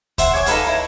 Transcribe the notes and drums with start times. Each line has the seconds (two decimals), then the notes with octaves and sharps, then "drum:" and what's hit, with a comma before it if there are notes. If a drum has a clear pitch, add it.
0.18 C5 E5 F#5, drum: kick D2, hi-hat
0.33 C#5 G#5 D6
0.46 D#4 A4 B4 F5, drum: hi-hat
0.67 E4